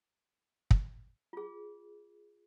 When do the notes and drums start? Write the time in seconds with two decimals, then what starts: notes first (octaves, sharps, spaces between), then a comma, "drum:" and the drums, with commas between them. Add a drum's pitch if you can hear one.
0.71 drum: kick
1.33 F4 G#4